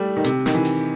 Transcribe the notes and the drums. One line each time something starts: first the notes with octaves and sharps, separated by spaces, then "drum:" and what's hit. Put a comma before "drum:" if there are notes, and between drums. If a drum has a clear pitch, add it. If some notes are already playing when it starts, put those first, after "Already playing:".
Already playing: G3 A3
D#3
C3, drum: hi-hat
D#3, drum: snare
E3
drum: open hi-hat